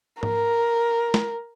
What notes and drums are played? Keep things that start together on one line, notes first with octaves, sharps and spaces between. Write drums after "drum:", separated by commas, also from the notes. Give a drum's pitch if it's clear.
A#4, drum: tom G#2
drum: snare